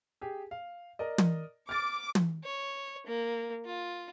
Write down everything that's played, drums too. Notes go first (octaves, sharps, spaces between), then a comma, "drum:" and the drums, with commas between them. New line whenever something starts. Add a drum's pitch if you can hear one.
G4 G#4
F5
A#4 D5 D#5
drum: tom
D6 F6 A6
drum: tom
C#5
A#3
F4